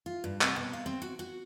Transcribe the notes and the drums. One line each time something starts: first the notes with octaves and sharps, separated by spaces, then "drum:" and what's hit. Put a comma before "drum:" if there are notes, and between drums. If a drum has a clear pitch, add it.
F4
G2
C3, drum: clap
B2
F5
C4
F#4
F#4